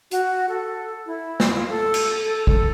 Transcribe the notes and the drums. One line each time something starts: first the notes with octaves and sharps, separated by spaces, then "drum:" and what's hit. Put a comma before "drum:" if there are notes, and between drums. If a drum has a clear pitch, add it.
F#4, drum: hi-hat
A4
E4
drum: snare
F4
A4
drum: cymbal
A4
A4, drum: kick